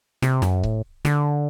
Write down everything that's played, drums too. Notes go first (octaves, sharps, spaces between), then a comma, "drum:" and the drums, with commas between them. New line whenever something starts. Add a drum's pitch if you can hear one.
C3, drum: snare
F#2, drum: snare
A2, drum: kick C#1
D3, drum: snare